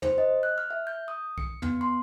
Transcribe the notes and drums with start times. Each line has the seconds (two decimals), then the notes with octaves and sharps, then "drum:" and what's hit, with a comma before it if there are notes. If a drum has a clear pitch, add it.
0.02 C5, drum: tom
0.18 D#5
0.43 F#6
0.58 F6
0.70 E5
0.87 G6
1.08 D#6
1.38 C#7, drum: kick B1
1.62 B3, drum: tom
1.81 C6